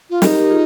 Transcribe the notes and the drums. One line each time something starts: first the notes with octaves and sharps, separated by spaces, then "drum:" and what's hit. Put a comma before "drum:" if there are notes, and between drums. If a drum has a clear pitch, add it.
F4
D#4 G4 A#4, drum: snare
F4 G#4